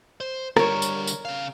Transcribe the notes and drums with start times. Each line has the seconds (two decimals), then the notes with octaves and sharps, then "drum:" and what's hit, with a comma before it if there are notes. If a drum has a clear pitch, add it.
0.20 C5
0.57 D3 G3 A#4 C#5, drum: rim click
0.82 drum: tambourine
1.07 drum: tambourine
1.25 C#3 F5